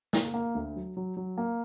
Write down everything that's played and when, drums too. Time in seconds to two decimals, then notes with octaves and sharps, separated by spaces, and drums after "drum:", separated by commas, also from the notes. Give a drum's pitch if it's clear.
0.13 A#3, drum: snare
0.34 A#3
0.55 D2
0.76 F#3
0.97 F#3
1.17 F#3
1.38 A#3